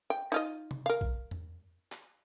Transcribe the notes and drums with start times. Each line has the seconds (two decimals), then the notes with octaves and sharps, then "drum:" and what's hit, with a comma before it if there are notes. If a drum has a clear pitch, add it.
0.10 G5
0.32 D#4 F4 D#5
0.71 drum: tom C3
0.86 A#4 F5
1.01 drum: kick A#1
1.31 drum: tom E2
1.92 drum: clap